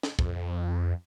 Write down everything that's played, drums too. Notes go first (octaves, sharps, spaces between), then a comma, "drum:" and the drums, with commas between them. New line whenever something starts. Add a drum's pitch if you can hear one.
drum: snare
F2, drum: kick